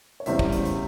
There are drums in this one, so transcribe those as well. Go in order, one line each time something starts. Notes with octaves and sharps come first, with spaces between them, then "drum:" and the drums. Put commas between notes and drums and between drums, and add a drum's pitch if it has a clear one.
C#5
E1 E2 C#3 G3 C5 E5, drum: hi-hat
drum: kick
drum: hi-hat
drum: hi-hat